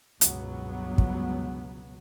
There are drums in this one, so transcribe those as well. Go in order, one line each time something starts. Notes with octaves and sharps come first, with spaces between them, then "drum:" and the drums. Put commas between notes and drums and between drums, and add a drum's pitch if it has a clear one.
G1 C#2 G2 B2 F#3 B3, drum: hi-hat
drum: kick